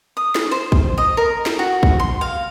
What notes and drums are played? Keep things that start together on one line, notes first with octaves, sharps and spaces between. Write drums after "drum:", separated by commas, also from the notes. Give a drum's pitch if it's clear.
D#6
drum: snare
C5
drum: kick
D#5
A#4
drum: snare
F#4
drum: kick
C6
F5